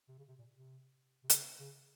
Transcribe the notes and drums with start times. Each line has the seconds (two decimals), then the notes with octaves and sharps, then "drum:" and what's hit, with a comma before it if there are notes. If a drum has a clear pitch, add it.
0.09 C3
0.18 C#3
0.29 C3
0.39 A#2
0.55 C3
1.24 C3
1.30 C#3, drum: hi-hat
1.60 C#3